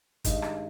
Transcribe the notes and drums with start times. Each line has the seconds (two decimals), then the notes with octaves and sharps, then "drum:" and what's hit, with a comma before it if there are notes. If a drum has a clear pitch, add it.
0.24 G2 D#3 G#3 D#5, drum: kick, hi-hat
0.42 drum: rim click